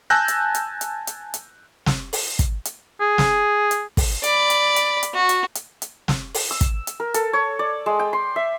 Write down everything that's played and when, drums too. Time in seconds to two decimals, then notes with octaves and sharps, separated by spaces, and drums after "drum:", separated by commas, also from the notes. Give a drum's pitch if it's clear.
0.10 G#5 A5 E6 F#6 G6 A#6
0.28 drum: hi-hat
0.55 drum: hi-hat
0.81 drum: hi-hat
1.07 drum: hi-hat
1.34 drum: hi-hat
1.86 drum: snare
2.13 drum: open hi-hat
2.39 drum: kick, hi-hat
2.65 drum: hi-hat
3.01 G#4
3.18 drum: snare
3.71 drum: hi-hat
3.97 drum: kick, open hi-hat
4.24 D5 B5, drum: hi-hat
4.50 drum: hi-hat
4.76 drum: hi-hat
5.03 drum: hi-hat
5.14 F#4
5.29 drum: hi-hat
5.55 drum: hi-hat
5.82 drum: hi-hat
6.08 drum: snare
6.34 drum: open hi-hat
6.51 E6
6.61 drum: kick, hi-hat
6.87 drum: hi-hat
7.00 A#4
7.14 A4, drum: hi-hat
7.33 C#5
7.59 D5
7.86 G#3
7.99 G5
8.13 C6
8.36 E5